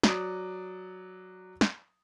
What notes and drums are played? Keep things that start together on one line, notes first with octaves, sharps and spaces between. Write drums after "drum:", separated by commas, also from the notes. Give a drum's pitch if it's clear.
F#3 D5 D#6, drum: snare
drum: snare